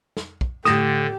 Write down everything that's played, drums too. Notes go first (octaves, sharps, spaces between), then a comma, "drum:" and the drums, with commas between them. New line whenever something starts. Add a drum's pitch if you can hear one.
drum: snare
drum: kick
A2 D3 G4 D#6 G6 A#6 E7, drum: snare